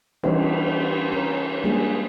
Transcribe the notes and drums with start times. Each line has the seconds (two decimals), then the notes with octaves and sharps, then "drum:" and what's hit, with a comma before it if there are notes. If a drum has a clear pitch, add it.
0.23 E3 G3 B3 C#4 D#4, drum: cymbal
1.12 C#4 A#4
1.64 G3 G#3 A#3 D4 F4 G#4